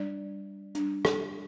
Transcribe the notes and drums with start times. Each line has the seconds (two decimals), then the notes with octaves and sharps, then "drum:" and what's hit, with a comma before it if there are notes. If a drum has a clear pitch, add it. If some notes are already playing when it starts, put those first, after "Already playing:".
Already playing: G3 D4 D5
0.75 G3 D4, drum: hi-hat
1.05 drum: rim click